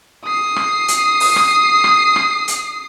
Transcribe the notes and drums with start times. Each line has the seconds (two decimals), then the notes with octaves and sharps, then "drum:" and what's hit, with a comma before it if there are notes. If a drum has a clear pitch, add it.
0.24 D#6 C7
0.56 drum: rim click
0.88 drum: hi-hat
1.20 drum: open hi-hat
1.36 drum: rim click
1.84 drum: rim click
2.16 drum: rim click
2.48 drum: hi-hat